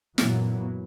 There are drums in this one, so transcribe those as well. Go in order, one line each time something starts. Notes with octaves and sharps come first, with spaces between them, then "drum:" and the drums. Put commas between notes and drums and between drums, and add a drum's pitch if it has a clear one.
F#2 A#2 E3 F#3 A#3 B3, drum: snare